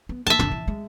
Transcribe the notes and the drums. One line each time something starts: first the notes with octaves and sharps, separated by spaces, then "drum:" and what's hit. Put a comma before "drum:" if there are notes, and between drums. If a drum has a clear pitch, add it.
B3
A#3 E5 A5
F1 D3, drum: tom
E3
G#3